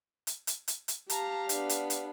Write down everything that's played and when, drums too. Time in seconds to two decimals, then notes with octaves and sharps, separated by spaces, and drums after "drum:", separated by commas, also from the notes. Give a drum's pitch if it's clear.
0.27 drum: hi-hat
0.47 drum: hi-hat
0.68 drum: hi-hat
0.88 drum: hi-hat
1.10 G4 F5 A5 A#5, drum: hi-hat
1.49 B3 D4, drum: hi-hat
1.69 drum: hi-hat
1.90 drum: hi-hat